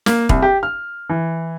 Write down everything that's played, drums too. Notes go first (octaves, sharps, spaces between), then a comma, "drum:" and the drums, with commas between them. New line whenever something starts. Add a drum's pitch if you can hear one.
A#3, drum: snare
C2, drum: kick
G4
F6
E3